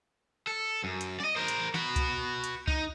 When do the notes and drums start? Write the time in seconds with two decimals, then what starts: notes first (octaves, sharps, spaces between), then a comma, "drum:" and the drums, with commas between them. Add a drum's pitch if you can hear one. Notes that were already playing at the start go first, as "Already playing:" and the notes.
0.47 A4
0.84 F#2
1.01 drum: hi-hat
1.20 D5 D#5
1.36 A#4 C5
1.48 drum: hi-hat
1.74 F#4 B4, drum: snare
1.96 drum: kick C2, hi-hat
2.44 drum: hi-hat
2.67 D#4, drum: kick C2